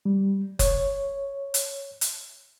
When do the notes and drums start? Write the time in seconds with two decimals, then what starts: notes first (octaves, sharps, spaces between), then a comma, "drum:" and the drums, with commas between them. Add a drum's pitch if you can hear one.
0.05 G3
0.59 C#5, drum: kick F#1, hi-hat
1.54 drum: hi-hat
2.01 drum: hi-hat